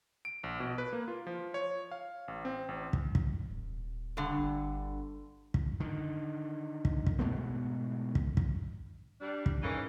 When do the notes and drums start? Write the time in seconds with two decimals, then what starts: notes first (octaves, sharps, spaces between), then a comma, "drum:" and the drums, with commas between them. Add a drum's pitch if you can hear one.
0.25 D7
0.44 A#1
0.60 B2
0.78 B4
0.93 A#3
1.08 F4
1.27 F3
1.54 C#5
1.91 F5
2.28 A1
2.45 C4
2.69 A1
2.93 drum: kick
3.15 drum: kick
3.50 D#1
4.17 G2 D3
4.38 G1
5.54 drum: kick
5.80 D3 D#3
6.85 drum: kick
7.07 drum: kick
7.19 G#2 B2 A3 B3
8.15 drum: kick
8.37 drum: kick
9.21 G3 D4
9.46 drum: kick
9.62 C#3 E3 A3 A#3 C#4 D#4